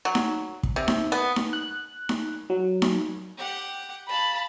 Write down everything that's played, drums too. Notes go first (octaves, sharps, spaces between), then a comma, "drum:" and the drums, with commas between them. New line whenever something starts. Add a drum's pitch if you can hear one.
F#3
drum: snare D#4
drum: kick
C3
drum: snare D#4
B3
drum: snare D#4
F#6
drum: snare D#4
F#3
drum: snare D#4
G4 F#5
F5 A5 B5